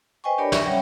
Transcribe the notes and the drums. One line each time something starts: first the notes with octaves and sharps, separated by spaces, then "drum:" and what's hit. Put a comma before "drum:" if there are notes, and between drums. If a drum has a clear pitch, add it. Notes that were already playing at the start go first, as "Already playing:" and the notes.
B4 C5 D#5 G5 G#5 C#6
D4 G4 A#4 C#5 D5 B5
E5 C#6, drum: snare
G3 C#4 C#5 E5 F#5 G5